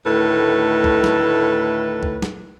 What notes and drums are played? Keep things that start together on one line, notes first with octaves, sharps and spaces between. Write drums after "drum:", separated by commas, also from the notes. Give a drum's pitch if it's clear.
D2 A2 D#3 A4 B4
drum: kick
drum: snare
drum: kick
drum: snare